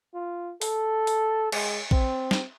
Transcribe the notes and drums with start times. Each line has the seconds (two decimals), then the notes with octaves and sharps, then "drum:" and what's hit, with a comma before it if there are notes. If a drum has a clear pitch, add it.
0.14 F4
0.61 A4, drum: open hi-hat
1.07 drum: open hi-hat
1.52 G#3, drum: cymbal
1.91 C4, drum: kick A#1
2.31 drum: snare